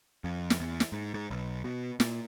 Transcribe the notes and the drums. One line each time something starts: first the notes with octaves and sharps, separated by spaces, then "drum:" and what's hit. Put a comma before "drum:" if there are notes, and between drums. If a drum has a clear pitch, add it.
F2
drum: snare
E2
drum: snare
G#2
G#2
B1
B2
A#2, drum: snare